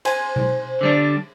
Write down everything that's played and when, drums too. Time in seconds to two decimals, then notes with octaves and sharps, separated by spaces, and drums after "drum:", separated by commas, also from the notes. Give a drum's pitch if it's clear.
0.05 C5 G#5, drum: cymbal
0.36 drum: tom B2
0.81 D3 G3 D4